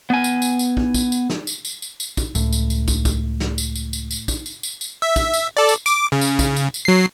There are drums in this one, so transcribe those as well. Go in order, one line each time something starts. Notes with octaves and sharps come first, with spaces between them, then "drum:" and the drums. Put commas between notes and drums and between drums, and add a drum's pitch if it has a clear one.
B3 G#5
drum: tambourine
drum: tambourine
drum: tambourine
drum: kick
drum: kick, tambourine
drum: tambourine
drum: snare
drum: tambourine
drum: tambourine
drum: tambourine
drum: tambourine
drum: kick, tambourine
C#2 A2, drum: tambourine
drum: tambourine
drum: tambourine
drum: kick, tambourine
drum: kick, tambourine
drum: snare
drum: tambourine
drum: tambourine
drum: tambourine
drum: tambourine
drum: kick, tambourine
drum: tambourine
drum: tambourine
drum: tambourine
E5
drum: kick, tambourine
drum: tambourine
A4 D5
drum: tambourine
D6, drum: tambourine
C#3
drum: tambourine
drum: kick, tambourine
drum: tambourine
drum: tambourine
F#3 C7